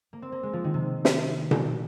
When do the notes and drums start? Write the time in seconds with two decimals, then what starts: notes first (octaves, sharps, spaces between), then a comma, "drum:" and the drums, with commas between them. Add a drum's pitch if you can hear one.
0.13 A#3
0.22 C4
0.32 A#3
0.43 G#3
0.53 F3
0.64 D#3
0.74 C3
1.05 drum: snare
1.51 drum: tom B2